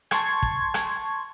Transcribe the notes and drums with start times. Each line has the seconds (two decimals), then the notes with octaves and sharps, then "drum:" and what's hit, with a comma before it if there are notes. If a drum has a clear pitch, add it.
0.11 A5 C6 C#6 G#6, drum: rim click
0.43 drum: kick
0.74 drum: rim click